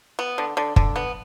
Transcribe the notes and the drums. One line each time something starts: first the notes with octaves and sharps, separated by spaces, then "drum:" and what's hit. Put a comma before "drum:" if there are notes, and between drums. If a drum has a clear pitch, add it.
B3
D3
D3
D3, drum: kick
B3